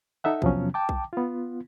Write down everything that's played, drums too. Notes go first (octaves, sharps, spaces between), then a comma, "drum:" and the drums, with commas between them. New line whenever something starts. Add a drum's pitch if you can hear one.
D#4 A4 E5 F#5
E2 C3 F3 F#3 B3 C#4, drum: kick B1
G5 A5 D6
drum: kick B1
B3 F4